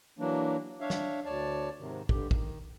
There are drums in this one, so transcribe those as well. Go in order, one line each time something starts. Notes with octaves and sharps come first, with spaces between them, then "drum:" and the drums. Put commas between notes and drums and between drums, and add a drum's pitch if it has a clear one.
E3 F#3 A#3 D4
D4 C#5 E5 F5
drum: snare
D2 C#5 D5 A5
G#2 C3 D#3
G2 D3 G4, drum: kick
D#3, drum: kick